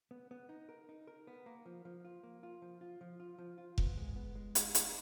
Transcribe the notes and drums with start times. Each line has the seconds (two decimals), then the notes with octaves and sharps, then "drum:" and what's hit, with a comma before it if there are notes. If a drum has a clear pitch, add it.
0.11 B3
0.31 B3
0.49 D#4
0.69 A#4
0.89 D#4
1.07 A#4
1.27 B3
1.46 A#3
1.66 F3
1.85 F3
2.05 F4
2.23 A#3
2.43 F4
2.62 F3
2.81 F4
3.01 F3
3.20 F4
3.38 F3
3.58 F4
3.78 B3, drum: kick F1
3.97 G#3
4.16 B3
4.35 G#3
4.55 D#4, drum: hi-hat
4.75 D#4, drum: hi-hat